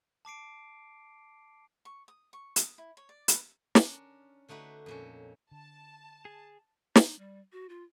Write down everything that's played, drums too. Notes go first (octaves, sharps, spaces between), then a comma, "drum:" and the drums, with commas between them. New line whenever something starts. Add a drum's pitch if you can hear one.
A5 D6 C7 D7
C#6
D#6
C#6
D#6, drum: hi-hat
E4
C#5
D5
B4, drum: hi-hat
C#4 D4 A#4, drum: snare
D3 A3 D#4 F#4 B4
F2 A#2 C#4
D3 A5
G#4
D#4, drum: snare
G3
F#4
F4